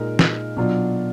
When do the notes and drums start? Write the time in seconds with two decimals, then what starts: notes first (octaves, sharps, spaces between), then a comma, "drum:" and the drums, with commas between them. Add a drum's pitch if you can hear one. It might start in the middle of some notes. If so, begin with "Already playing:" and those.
Already playing: A#2 G#3 D#4 A#4
0.19 drum: snare
0.57 B2 F#3 D4 F4